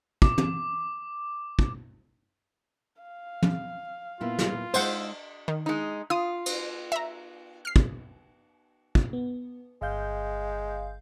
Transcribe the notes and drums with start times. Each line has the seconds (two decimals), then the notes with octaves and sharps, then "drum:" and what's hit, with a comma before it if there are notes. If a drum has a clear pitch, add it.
0.22 D6, drum: kick
0.38 drum: tom
1.59 drum: kick
3.02 F5
3.43 drum: tom
4.21 A#2 B3 E4 F4
4.39 drum: snare
4.74 G#3 D#4 C5 D#5 F#5 E6, drum: cymbal
5.48 D#3
5.66 G#3 D#4
6.10 F4 D#6
6.46 drum: cymbal
6.92 E5 A#5
7.65 F6 C7
7.76 drum: kick
8.95 drum: kick
9.13 B3
9.82 G1 G#3 F5 G6